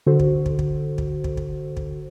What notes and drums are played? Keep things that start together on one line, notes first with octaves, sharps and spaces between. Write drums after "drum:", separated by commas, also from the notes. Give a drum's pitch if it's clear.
D3 F#4 A4 C5
drum: kick
drum: kick
drum: kick
drum: kick
drum: kick
drum: kick
drum: kick